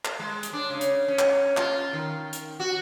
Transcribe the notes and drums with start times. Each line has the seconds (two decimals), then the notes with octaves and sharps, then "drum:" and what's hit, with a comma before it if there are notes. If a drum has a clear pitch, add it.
0.05 drum: clap
0.20 G#3
0.43 drum: hi-hat
0.53 D4
0.70 C#3
0.81 drum: hi-hat
1.08 C#4
1.19 drum: clap
1.57 F4, drum: clap
1.93 D#3
2.33 drum: hi-hat
2.60 F#4